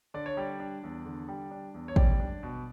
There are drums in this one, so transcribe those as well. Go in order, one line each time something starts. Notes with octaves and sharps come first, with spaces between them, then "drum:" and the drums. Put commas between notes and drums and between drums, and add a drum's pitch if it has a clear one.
D3 D5
C#5
G3 D5
D4
E2
D3
G3
D4
E2
C#5
G3 D5, drum: kick A1
D4
B2